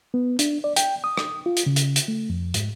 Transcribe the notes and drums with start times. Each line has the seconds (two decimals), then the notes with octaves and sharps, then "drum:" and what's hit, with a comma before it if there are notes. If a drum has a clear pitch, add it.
0.14 B3
0.39 D4, drum: hi-hat
0.64 D5
0.76 G5, drum: hi-hat
1.04 D#6
1.17 drum: rim click
1.46 F4
1.57 drum: hi-hat
1.66 C#3
1.76 drum: hi-hat
1.96 drum: hi-hat
2.08 A3
2.30 F2
2.54 G#2, drum: hi-hat